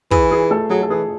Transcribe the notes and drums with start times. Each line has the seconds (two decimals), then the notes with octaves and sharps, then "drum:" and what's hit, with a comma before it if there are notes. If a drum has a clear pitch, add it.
0.11 E3 G#4, drum: kick
0.31 G#4
0.51 A3 A4
0.70 F#3 G#4
0.83 A4
0.90 E3 G#4